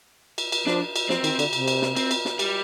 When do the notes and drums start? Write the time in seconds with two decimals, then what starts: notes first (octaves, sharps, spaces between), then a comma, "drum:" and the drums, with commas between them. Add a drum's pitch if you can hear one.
0.38 drum: cymbal
0.52 drum: cymbal
0.67 F3 D4, drum: snare
0.96 drum: cymbal
1.10 F3 C4, drum: snare
1.24 D#3, drum: cymbal
1.39 D3, drum: cymbal
1.53 C3, drum: cymbal
1.68 drum: cymbal
1.82 drum: snare
1.96 C4, drum: cymbal
2.11 drum: cymbal
2.25 drum: snare
2.39 G3, drum: cymbal